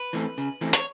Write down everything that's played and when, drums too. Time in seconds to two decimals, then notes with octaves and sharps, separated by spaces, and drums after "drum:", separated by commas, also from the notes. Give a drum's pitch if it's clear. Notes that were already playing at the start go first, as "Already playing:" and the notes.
Already playing: B4
0.13 E3 A3 C4
0.38 C#3
0.61 E3 A3 C4
0.73 C#5, drum: hi-hat